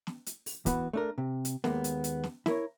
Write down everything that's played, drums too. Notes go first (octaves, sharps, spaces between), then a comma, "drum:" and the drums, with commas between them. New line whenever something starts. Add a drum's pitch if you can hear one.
drum: snare
drum: hi-hat
drum: open hi-hat
E3 B3 F#4 B4, drum: kick, hi-hat
A3 D4 A#4
C3
drum: hi-hat
D#2 G#3 A#3 B3, drum: snare
drum: hi-hat
drum: hi-hat
drum: snare
E4 A#4 C#5, drum: snare